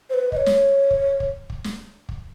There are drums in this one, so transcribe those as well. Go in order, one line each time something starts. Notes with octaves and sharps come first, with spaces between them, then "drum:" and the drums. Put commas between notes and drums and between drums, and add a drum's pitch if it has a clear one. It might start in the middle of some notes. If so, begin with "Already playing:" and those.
C5
B4
D#5, drum: kick
C#5
drum: snare
drum: kick
drum: kick
drum: kick
drum: snare
drum: kick